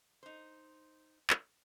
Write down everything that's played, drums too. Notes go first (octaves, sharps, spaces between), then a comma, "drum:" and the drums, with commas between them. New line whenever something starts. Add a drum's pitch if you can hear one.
D#4 C5
drum: clap